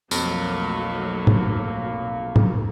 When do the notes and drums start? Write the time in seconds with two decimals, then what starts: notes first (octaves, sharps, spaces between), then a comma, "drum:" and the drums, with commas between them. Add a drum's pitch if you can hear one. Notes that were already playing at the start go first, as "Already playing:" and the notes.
0.11 B1 F2 F#3 A3 A#3, drum: tambourine
1.27 drum: tom
2.36 drum: tom